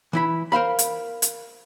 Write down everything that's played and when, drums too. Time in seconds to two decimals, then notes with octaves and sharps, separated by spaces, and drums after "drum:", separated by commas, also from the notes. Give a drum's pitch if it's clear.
0.13 E3 E4 B5
0.52 A#4 C5 F5 B5
0.79 drum: hi-hat
1.22 drum: hi-hat